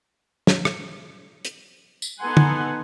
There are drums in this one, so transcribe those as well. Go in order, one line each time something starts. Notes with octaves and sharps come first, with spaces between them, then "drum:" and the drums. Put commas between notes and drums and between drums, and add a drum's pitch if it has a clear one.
drum: snare
drum: rim click
drum: hi-hat
drum: tambourine
B3 D#4 A4 F#5 G#5 C6
drum: tom